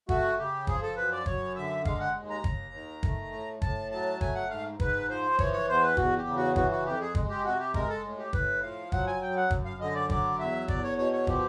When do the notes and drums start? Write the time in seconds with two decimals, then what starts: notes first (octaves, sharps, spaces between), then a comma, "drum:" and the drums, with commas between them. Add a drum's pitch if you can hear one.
0.09 A3 F#4, drum: kick
0.39 C#3 G4
0.67 F3 G#4, drum: kick
0.82 A4
0.97 F#2 B4
1.12 D5
1.26 F#2 C#5, drum: kick
1.56 D3 E5
1.85 G#3 F5, drum: kick
2.00 F#5
2.14 D#2
2.30 A#5
2.44 D#2, drum: kick
2.74 D#3
3.03 A3, drum: kick
3.32 A2
3.62 A2 A5, drum: kick
3.91 F#3 A5
4.21 A3 G#5, drum: kick
4.35 F#5
4.50 G#2 F5
4.80 G#2 B4, drum: kick
5.09 F3 C5
5.39 E3 C#5, drum: kick
5.53 C#5
5.68 E2 C5
5.83 B4
5.97 E2 F#4, drum: kick
6.17 G4
6.27 C#3
6.37 F#4
6.56 E3 F#4, drum: kick
6.71 F#4
6.85 F2 G4
7.01 G#4
7.15 G#3, drum: kick
7.29 G4
7.45 C3 F#4
7.59 G4
7.74 G#3 A#4, drum: kick
7.89 A4
8.04 A2
8.18 G4
8.33 A2 B4, drum: kick
8.62 F3 F5
8.92 F#3 F#5, drum: kick
9.07 G#5
9.21 F#2 G5
9.37 F#5
9.51 F#2, drum: kick
9.65 F5
9.80 D3 D#5
9.95 D5
10.10 F#3 D5, drum: kick
10.39 E2 E5
10.68 E2 D5, drum: kick
10.83 C#5
10.98 B2 C#5
11.13 C#5
11.27 F3 G4, drum: kick